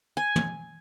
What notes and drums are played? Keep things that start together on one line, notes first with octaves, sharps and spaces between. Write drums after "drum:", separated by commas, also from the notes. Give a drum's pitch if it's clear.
G#5
drum: tom